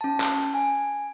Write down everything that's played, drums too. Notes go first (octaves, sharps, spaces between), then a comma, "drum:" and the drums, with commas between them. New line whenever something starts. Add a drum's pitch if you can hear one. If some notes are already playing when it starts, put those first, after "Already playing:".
C#4 A5
drum: clap
G#5